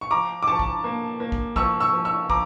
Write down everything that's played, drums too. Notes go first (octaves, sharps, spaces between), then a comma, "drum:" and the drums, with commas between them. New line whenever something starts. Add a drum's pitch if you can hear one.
C#6
F3 A#5 D6
D6
F3 A5 C#6
drum: kick
A#3
A#3
drum: kick
F3 C#6 E6, drum: kick
C#6 E6
F3
C#6 E6
F3 A#5 D6, drum: kick